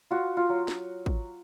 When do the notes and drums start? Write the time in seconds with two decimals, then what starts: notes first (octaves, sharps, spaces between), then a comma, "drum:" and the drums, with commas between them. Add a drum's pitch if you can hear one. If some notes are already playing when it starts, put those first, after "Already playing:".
0.11 F4 F#4
0.37 F4
0.49 F#3
0.68 drum: snare
1.06 drum: kick